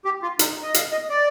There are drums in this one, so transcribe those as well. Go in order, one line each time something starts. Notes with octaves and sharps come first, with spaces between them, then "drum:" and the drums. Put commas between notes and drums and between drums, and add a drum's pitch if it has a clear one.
G4
F4
D#4, drum: hi-hat
D#5
F5, drum: hi-hat
D#5
D5